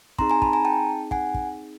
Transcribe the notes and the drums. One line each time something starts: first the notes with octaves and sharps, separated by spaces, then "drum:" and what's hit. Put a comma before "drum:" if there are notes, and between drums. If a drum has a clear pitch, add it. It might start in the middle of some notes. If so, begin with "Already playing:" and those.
C4 D#4 G#4 A#5 C6, drum: kick
G#5 A#5
A5 B5, drum: kick
G#5 A#5
G5 A5
F#5 G#5, drum: kick
drum: kick